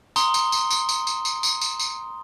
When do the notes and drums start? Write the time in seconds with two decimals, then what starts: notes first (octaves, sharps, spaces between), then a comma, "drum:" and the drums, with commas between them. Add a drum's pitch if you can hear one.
0.16 A#5 C6 D#6 G7, drum: tambourine
0.34 drum: tambourine
0.52 drum: tambourine
0.70 drum: tambourine
0.89 drum: tambourine
1.07 drum: tambourine
1.25 drum: tambourine
1.43 drum: tambourine
1.61 drum: tambourine
1.80 drum: tambourine